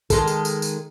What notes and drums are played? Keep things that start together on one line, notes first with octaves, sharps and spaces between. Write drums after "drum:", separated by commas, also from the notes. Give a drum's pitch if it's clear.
D#3 G#3 A4, drum: kick, tambourine
drum: tambourine
drum: tambourine
drum: tambourine